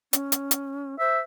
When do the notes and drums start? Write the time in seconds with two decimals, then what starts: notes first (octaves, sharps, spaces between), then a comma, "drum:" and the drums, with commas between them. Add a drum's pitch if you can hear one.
0.13 C#4, drum: hi-hat
0.32 drum: hi-hat
0.51 drum: hi-hat
0.99 C5 E5